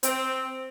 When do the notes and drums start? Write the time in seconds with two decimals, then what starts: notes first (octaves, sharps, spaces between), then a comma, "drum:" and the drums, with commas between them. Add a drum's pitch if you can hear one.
0.03 C4, drum: hi-hat